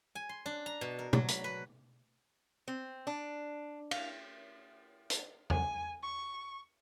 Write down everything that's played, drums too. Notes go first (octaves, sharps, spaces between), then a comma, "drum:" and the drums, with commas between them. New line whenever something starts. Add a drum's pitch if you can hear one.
G#5
C6
D4
A#5
B2
A#4
F#3, drum: tom B2
B5, drum: hi-hat
B4
C4
D4
F5, drum: cymbal
drum: hi-hat
G#5, drum: tom E2
C#6